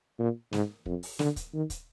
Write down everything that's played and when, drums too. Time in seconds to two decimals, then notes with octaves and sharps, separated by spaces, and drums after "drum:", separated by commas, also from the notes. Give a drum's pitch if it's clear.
0.19 A#2
0.53 G#2, drum: snare
0.86 F2, drum: kick
1.03 drum: open hi-hat
1.19 D3, drum: snare
1.36 drum: kick, hi-hat
1.54 D#3
1.70 drum: kick, hi-hat